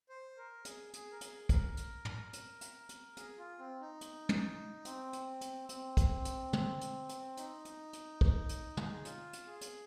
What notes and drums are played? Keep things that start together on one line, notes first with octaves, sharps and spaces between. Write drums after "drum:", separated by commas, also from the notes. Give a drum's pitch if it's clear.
C5
A#4
G#4, drum: hi-hat
G#4, drum: hi-hat
A#4
G#4, drum: hi-hat
A#4, drum: kick, hi-hat
drum: hi-hat
drum: tom
drum: hi-hat
drum: hi-hat
drum: hi-hat
G#4, drum: hi-hat
F4
C4
D#4
drum: hi-hat
drum: tom
C4, drum: hi-hat
drum: hi-hat
drum: hi-hat
C4, drum: hi-hat
drum: kick, hi-hat
drum: hi-hat
drum: tom
drum: hi-hat
drum: hi-hat
D#4, drum: hi-hat
drum: hi-hat
drum: hi-hat
drum: kick
drum: hi-hat
drum: tom
G#4
F4, drum: hi-hat
drum: hi-hat
G#4
drum: hi-hat